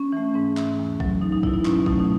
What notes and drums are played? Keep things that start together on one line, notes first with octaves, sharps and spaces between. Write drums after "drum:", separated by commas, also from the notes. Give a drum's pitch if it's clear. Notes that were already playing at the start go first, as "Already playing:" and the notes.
Already playing: C#4
E3 A3
G#2 C#4
E3 A3, drum: clap
E2
B2 F#3, drum: kick A1
E2 D#4
D#4
B2 F#3 E4, drum: kick A1
D#4
B2 C#4, drum: clap
F#3 A3 D#4, drum: kick A1
D#4